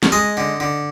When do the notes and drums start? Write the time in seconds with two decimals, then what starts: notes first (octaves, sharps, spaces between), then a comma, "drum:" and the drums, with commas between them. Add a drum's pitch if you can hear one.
0.03 drum: snare
0.12 G#3 D#5
0.37 D3
0.60 D3